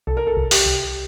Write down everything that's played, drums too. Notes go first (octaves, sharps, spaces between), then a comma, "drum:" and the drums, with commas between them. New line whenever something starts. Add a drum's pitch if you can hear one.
C2 A4
A#4
A4
C2
G4, drum: open hi-hat
C2